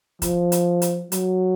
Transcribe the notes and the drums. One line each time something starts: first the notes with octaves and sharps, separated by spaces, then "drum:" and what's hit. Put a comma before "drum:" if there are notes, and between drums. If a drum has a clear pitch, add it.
F3, drum: kick, hi-hat
drum: hi-hat
drum: hi-hat
F#3, drum: hi-hat